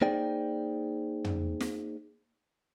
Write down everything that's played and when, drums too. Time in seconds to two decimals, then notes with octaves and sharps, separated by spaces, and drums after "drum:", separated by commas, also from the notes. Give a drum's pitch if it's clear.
0.01 A#3 D#4 G#4 C5 D5 G5
1.24 drum: tom
1.60 drum: snare